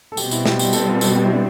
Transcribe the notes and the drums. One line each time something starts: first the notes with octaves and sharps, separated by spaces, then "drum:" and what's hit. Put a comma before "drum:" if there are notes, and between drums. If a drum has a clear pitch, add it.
A4
B2 G3 C4 G4, drum: tambourine
E4, drum: tambourine
G4, drum: snare
G4, drum: tambourine
A4, drum: tambourine
F4
A4, drum: tambourine
G4
E4
D4